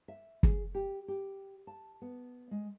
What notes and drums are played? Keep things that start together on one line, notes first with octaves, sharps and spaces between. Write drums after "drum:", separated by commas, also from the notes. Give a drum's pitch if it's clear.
E5
G#4, drum: kick
G4
G4
A5
B3
G#3